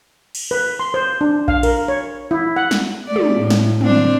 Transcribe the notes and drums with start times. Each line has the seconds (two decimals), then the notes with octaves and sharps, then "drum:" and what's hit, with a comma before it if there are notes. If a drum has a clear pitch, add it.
0.35 drum: cymbal
0.51 B4
0.80 C6
0.94 C5
1.21 D4
1.48 F5, drum: kick A#1
1.63 A#4, drum: cymbal
1.88 C#5
2.31 E4
2.56 F#5
2.71 drum: snare
3.07 A3 D5
3.16 drum: tom
3.36 A2
3.50 drum: snare
3.81 C4 D4, drum: tom